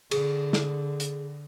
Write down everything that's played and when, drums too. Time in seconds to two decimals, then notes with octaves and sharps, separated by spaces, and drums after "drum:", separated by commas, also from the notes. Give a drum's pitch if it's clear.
0.11 D3 G#4, drum: cymbal
0.53 drum: snare
1.00 drum: hi-hat